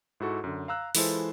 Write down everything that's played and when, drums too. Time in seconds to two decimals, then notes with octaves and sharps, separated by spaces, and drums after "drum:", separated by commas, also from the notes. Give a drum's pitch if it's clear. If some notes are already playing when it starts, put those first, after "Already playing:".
0.20 G#2 E4 F#4 A4 C#6
0.44 F#2 D3
0.68 F5 A#5 E6 F#6
0.95 E3 G#3 E4 F4 A4 C5, drum: open hi-hat